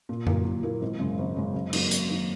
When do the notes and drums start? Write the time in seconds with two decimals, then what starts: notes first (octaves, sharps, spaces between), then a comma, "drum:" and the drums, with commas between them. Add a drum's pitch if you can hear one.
0.09 A#2
0.27 F#3 A#3 E4 A#4, drum: tom F#2
0.45 A#2
0.63 F#3 A#3 E4 A#4
0.81 G#1
0.99 F#2 C#3 G#3
1.19 G#1
1.36 F#2 C#3 G#3
1.54 F#2
1.73 D#3 F#3 A#3, drum: cymbal
1.91 F#2, drum: hi-hat
2.09 D#3 F#3 A#3